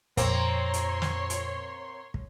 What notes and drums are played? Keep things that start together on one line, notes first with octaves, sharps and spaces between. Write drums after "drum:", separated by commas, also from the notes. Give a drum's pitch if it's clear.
F2 A#2 A#3 C4 C#5 C6, drum: kick, hi-hat
drum: hi-hat
drum: snare
drum: hi-hat
drum: kick